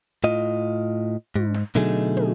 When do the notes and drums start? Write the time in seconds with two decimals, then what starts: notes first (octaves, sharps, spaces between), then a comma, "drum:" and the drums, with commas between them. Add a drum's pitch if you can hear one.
0.24 A2 F4 D#5
1.36 G#2, drum: tom
1.54 drum: snare
1.75 B2 D3 F#3 A3 D#4 G#4, drum: kick
2.17 drum: tom